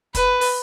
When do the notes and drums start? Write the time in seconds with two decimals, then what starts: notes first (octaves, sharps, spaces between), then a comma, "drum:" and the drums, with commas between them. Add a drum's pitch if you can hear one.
0.15 B4, drum: kick, hi-hat
0.41 drum: open hi-hat